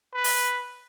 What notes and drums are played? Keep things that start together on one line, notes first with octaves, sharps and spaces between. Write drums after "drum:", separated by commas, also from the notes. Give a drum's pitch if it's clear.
B4
drum: open hi-hat